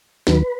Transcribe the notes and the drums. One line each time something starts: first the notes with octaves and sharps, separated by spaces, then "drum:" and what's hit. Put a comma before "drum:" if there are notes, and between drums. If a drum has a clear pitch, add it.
D#2 D#3 F#3 B4, drum: snare